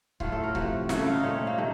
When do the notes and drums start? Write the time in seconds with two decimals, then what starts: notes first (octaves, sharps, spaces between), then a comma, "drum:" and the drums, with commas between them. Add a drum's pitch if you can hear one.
0.20 A2 F#3 A3 F4, drum: kick C#1
0.32 A4
0.43 A#4
0.55 C3 F3 A3 F#4, drum: kick C#1
0.89 C#3 A3 F#4, drum: snare
0.98 A4
1.06 F4
1.15 D#4
1.23 A#2 A3 C#4
1.35 C4
1.47 A#3
1.58 C3 D#3 A3